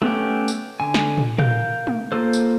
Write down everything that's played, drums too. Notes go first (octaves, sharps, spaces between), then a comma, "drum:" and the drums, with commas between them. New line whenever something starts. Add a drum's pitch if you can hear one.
A3 B3 C#4 G4, drum: tom
drum: tambourine
D3 G#5
drum: snare
drum: tom
A#4 F5 G6, drum: tom
drum: tom
A#3 F4 A4 C5
drum: tambourine